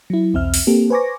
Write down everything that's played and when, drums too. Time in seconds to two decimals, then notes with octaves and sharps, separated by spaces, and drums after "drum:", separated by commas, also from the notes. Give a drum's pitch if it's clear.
0.10 F#3 E4
0.34 B1 E2 C4 E5 F6
0.54 drum: open hi-hat
0.67 A#3 C4 G4 A4
0.90 B4 C5 G#5 C#6 D6 A#6